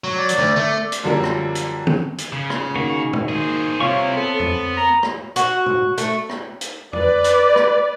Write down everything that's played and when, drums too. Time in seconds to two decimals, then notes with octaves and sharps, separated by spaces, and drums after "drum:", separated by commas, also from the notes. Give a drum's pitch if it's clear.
0.04 F#3
0.18 D5
0.29 drum: hi-hat
0.38 D2
0.56 A3
0.70 D5
0.92 drum: hi-hat
1.04 F#2 D3 F3 G3 A#3 D4
1.23 drum: rim click
1.55 drum: hi-hat
1.87 drum: tom
2.18 drum: hi-hat
2.33 C#3
2.50 drum: rim click
2.75 D#3 A#3 F#4
3.13 drum: tom
3.29 C4 G#4
3.80 C3 C4 E4 F4 C#5 C#6
4.16 B3 A4
4.40 drum: tom
4.77 A#5
5.03 drum: rim click
5.36 F#4, drum: hi-hat
5.66 drum: tom
5.98 A3, drum: hi-hat
6.29 drum: rim click
6.61 drum: hi-hat
6.93 B4 D5, drum: tom
7.24 drum: hi-hat
7.56 drum: rim click